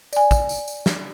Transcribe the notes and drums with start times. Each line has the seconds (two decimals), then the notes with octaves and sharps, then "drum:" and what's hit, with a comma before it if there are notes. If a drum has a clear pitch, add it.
0.13 D5 G#5, drum: tambourine
0.31 drum: kick, tambourine
0.49 drum: tambourine
0.68 drum: tambourine
0.86 drum: snare